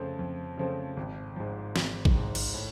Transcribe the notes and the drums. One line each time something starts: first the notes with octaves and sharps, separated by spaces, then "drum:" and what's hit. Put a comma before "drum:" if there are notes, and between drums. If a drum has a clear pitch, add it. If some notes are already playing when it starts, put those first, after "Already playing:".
Already playing: F2 C#3 F3 A3 C4
F2
C#3 F3 A3 C4
G#1
G#2 F3
G#1, drum: snare
drum: kick A1
G#2 F3
drum: cymbal
A2